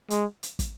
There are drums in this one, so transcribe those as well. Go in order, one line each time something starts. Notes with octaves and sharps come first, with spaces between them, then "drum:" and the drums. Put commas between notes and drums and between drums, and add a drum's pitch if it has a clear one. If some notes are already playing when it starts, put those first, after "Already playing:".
G#3, drum: hi-hat
drum: hi-hat
drum: kick, hi-hat